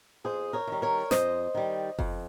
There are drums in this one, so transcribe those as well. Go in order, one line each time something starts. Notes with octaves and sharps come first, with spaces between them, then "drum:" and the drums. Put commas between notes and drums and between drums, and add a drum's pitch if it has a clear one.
F2 G#4 C5
A#4 C#5
D#3 G3
A#4 C#5
F2 C5 D#5, drum: snare
D#3 G3
F2, drum: kick F#1